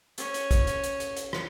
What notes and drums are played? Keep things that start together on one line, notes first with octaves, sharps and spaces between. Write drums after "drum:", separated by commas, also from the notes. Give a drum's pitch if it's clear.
C#4, drum: hi-hat
drum: hi-hat
drum: kick, hi-hat
drum: hi-hat
drum: hi-hat
drum: hi-hat
drum: hi-hat
drum: rim click